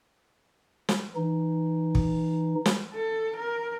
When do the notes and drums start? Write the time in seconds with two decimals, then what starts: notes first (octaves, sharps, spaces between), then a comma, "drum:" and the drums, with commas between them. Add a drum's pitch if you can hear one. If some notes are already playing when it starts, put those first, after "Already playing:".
0.89 drum: snare
1.16 E3 D#4
1.95 drum: kick
2.66 drum: snare
2.93 A4
3.36 A#4